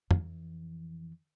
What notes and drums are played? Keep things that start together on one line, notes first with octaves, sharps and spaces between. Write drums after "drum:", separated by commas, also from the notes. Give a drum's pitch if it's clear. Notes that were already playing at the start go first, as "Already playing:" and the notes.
F2 E3, drum: tom